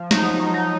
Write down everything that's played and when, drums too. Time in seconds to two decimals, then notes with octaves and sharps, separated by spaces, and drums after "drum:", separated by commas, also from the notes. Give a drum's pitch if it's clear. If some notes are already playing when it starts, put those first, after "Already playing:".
Already playing: F3
0.11 F#3 D#4, drum: snare
0.40 F#3
0.54 D#4